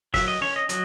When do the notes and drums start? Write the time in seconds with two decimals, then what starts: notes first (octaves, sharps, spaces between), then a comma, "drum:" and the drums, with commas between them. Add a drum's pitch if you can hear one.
0.14 F#3 E5, drum: kick, open hi-hat
0.28 D#5
0.41 C#4 C#5
0.56 D#5
0.69 F#3 D#5, drum: hi-hat